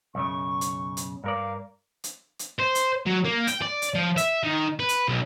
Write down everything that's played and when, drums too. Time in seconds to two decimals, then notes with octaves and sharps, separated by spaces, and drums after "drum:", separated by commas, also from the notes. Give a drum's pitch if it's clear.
0.15 B1 F#2 C#3 C#6
0.61 drum: hi-hat
0.97 drum: hi-hat
1.24 G2 A#4 D5 F5
2.04 drum: hi-hat
2.39 drum: hi-hat
2.59 C5
2.75 drum: hi-hat
3.07 F#3
3.25 A#3
3.47 G5, drum: hi-hat
3.62 D5
3.82 drum: hi-hat
3.95 F3
4.17 E5, drum: hi-hat
4.44 D#3
4.80 B4
4.89 drum: hi-hat
5.08 B1